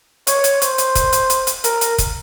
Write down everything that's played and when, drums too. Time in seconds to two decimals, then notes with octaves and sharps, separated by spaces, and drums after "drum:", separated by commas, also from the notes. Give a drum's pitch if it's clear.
0.27 C#5, drum: hi-hat
0.44 drum: hi-hat
0.62 C5, drum: hi-hat
0.78 drum: hi-hat
0.95 drum: kick F1, hi-hat
1.13 drum: hi-hat
1.30 drum: hi-hat
1.47 drum: hi-hat
1.64 A#4, drum: hi-hat
1.81 drum: hi-hat
1.98 drum: kick F1, hi-hat